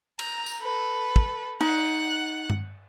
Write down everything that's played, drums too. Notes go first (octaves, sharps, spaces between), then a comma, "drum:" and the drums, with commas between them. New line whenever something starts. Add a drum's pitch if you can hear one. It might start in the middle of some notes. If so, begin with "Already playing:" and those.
A#5, drum: cymbal
drum: tambourine
A4 B4
drum: kick
D#4 F#5 F#6, drum: cymbal
drum: tom G2